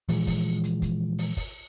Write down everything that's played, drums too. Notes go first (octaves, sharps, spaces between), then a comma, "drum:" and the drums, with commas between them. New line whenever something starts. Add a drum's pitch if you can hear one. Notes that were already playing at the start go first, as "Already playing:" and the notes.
A#2 E3 F3 G#3, drum: open hi-hat
drum: kick, open hi-hat
drum: hi-hat
drum: kick, hi-hat
drum: open hi-hat
drum: kick, open hi-hat